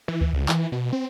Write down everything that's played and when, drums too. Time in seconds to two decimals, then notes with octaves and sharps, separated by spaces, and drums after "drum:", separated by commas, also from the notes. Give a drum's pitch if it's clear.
0.08 E3
0.21 drum: kick D2
0.33 C#2
0.49 E3, drum: clap
0.72 B2
0.93 C4